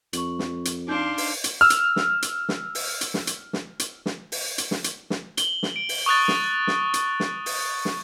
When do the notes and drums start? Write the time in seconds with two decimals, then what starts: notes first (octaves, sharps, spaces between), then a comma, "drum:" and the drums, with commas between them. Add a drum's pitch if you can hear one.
0.13 F2 C#6 F#7, drum: hi-hat
0.39 drum: snare
0.65 drum: hi-hat
0.88 D4 D#4 F5 C6 D6 G6
1.18 drum: open hi-hat
1.44 drum: hi-hat
1.61 E6 F6
1.70 drum: hi-hat
1.96 drum: snare
2.22 drum: hi-hat
2.49 drum: snare
2.75 drum: open hi-hat
3.01 drum: hi-hat
3.14 drum: snare
3.27 drum: hi-hat
3.53 drum: snare
3.79 drum: hi-hat
4.06 drum: snare
4.32 drum: open hi-hat
4.58 drum: hi-hat
4.71 drum: snare
4.84 drum: hi-hat
5.10 drum: snare
5.37 F#7 G7, drum: hi-hat
5.63 drum: snare
5.76 D7
5.89 drum: open hi-hat
6.06 C#6 D#6 F#6 A6
6.28 drum: snare
6.67 drum: snare
6.94 drum: hi-hat
7.20 drum: snare
7.46 drum: open hi-hat
7.85 drum: snare